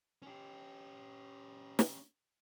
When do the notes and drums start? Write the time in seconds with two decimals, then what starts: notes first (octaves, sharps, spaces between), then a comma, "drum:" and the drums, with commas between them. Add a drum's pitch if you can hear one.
0.22 C#4 G4
1.79 drum: snare